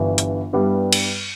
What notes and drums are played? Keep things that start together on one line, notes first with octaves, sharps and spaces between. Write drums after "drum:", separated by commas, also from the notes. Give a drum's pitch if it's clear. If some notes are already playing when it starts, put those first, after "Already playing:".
Already playing: G1 G2 E3
drum: hi-hat
G2 G3 B3 E4 G4
drum: cymbal